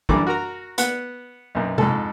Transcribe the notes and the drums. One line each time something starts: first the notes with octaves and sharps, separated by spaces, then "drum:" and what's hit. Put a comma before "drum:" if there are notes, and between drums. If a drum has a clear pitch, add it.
F#2 D3 E3 G3 D4 D6, drum: kick
F#4 A#4 A#5
B3 F#5, drum: hi-hat
B1 F#2
F2 G#2 A4, drum: tom C3